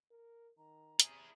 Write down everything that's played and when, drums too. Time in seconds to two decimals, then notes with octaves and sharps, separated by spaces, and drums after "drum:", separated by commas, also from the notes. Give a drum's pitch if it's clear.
0.11 A#4
0.58 D#3 A#5
1.00 C3 E4 G#4, drum: hi-hat